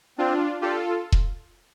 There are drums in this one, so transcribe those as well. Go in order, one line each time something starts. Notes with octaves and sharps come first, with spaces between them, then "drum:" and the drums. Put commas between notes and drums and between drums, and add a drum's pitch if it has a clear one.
C4 D4 F4
F4 G4 A4 D5
drum: kick E1